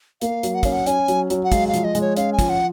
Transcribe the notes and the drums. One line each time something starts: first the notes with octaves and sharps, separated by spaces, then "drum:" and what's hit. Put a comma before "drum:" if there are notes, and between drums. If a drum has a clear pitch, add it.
A#3 F5, drum: hi-hat
F#3, drum: hi-hat
F#5
C#4 F5, drum: kick, hi-hat
F#5
C#4 G#5, drum: hi-hat
F#3, drum: hi-hat
F#3, drum: hi-hat
F#5
G#3 F5, drum: kick, hi-hat
F5
F3, drum: hi-hat
D#5
G#3, drum: hi-hat
C#5
C#4 F5, drum: hi-hat
G#5
F3, drum: kick, hi-hat
F#5